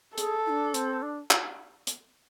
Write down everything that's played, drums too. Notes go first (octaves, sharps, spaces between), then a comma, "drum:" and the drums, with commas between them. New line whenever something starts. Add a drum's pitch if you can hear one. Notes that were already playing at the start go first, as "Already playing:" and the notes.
G#4 A4, drum: hi-hat
E4
D4
C4, drum: hi-hat
D4
drum: clap
drum: hi-hat